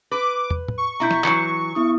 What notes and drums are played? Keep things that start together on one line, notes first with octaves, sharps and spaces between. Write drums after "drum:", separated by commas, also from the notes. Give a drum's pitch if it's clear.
B4 D6
drum: tom
drum: tom
C#6
B2 E4 A#5 G6
drum: snare
E3 F#3 C#7, drum: clap
B3 E4 D#6